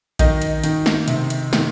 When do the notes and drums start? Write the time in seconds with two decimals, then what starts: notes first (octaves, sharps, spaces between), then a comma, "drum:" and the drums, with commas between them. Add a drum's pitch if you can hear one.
0.19 D#3 D#4, drum: kick A#1, hi-hat
0.42 drum: hi-hat
0.64 D#3, drum: hi-hat
0.86 drum: snare
1.08 C3, drum: hi-hat
1.30 drum: hi-hat
1.53 D#3, drum: snare